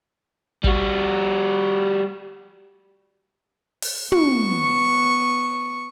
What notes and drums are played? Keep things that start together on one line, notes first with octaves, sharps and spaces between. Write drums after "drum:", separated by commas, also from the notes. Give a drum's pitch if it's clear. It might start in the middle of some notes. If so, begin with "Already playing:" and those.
G3 F#4, drum: kick
drum: open hi-hat
B3 C#6, drum: tom